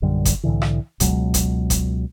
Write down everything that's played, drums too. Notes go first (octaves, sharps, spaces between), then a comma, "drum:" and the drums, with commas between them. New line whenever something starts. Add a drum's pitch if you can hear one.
A#1 F#2 D3 G3
drum: kick F#1, hi-hat
C2 A2 D3 E3
drum: rim click
C#2 B2 F#3 G#3, drum: kick F#1, hi-hat
drum: kick F#1, hi-hat
drum: kick F#1, hi-hat